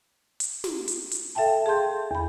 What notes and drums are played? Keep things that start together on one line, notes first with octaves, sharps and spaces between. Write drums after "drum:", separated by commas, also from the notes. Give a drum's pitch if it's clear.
drum: hi-hat
drum: snare
drum: hi-hat
drum: hi-hat
A4 E5 F5 G5 A5
G#4 F5 A5 C6 G6
E2 B5